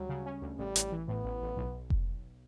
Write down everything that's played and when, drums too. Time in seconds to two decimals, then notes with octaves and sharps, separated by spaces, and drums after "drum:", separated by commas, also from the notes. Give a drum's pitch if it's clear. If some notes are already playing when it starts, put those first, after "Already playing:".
Already playing: D2 F#3 G3
0.09 C#3
0.26 C#4
0.42 D2
0.58 A1 G3
0.76 A1, drum: hi-hat
0.92 E3
1.08 A2 B3
1.25 A1
1.42 A1
1.57 B1
1.90 drum: kick F1